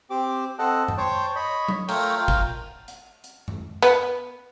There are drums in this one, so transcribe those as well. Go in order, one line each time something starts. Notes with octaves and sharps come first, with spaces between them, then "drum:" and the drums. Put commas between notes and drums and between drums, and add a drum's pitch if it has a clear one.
C4 G4 D6
C4 A4 D#5 F#5 A5
drum: tom F#2
C5 C#5 G5 A5
C#5 D#5 B5
drum: tom F#3
A3 F4 A#4 C#5 G5, drum: cymbal
F4 A#4 F5 G5
drum: kick
drum: hi-hat
drum: hi-hat
drum: tom F#2
B3, drum: hi-hat